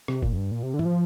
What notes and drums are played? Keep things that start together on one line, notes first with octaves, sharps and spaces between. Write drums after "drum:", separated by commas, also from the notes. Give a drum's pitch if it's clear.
C3, drum: rim click
A#2, drum: kick
F2
G2
A#2
C3
D3
E3, drum: tom G#2
F3